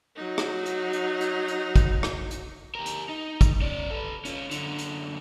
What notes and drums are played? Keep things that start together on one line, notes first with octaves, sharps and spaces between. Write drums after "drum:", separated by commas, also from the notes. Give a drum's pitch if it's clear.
F#3 D#4
drum: rim click
drum: hi-hat
drum: hi-hat
drum: hi-hat
drum: hi-hat
drum: kick, hi-hat
drum: rim click
drum: hi-hat
G4 A#4
drum: hi-hat
D#4
drum: kick, hi-hat
C#4 D5
A4 B4
C#4 F4, drum: hi-hat
F#2 D3, drum: hi-hat
drum: hi-hat